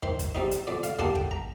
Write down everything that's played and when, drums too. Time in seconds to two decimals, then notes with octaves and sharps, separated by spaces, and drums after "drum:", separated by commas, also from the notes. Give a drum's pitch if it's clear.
0.03 D#3 C5, drum: kick
0.19 drum: kick, hi-hat
0.35 G3 C4 D#4
0.51 drum: hi-hat
0.67 F2 D5
0.83 F5, drum: hi-hat
0.99 D3 G3 A#3 D4 A5, drum: kick
1.15 G5, drum: kick
1.31 A#5